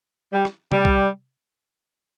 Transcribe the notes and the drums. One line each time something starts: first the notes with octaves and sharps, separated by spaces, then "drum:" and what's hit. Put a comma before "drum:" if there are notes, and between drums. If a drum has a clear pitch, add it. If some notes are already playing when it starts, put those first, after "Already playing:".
G3
drum: rim click
G3, drum: tom C3
drum: kick B1